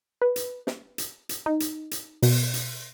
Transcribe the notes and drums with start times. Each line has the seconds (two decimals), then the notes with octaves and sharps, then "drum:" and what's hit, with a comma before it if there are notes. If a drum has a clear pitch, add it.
0.22 B4
0.36 drum: hi-hat
0.67 drum: snare
0.98 drum: hi-hat
1.29 drum: hi-hat
1.46 D#4
1.60 drum: hi-hat
1.91 drum: hi-hat
2.23 B2, drum: open hi-hat
2.54 drum: hi-hat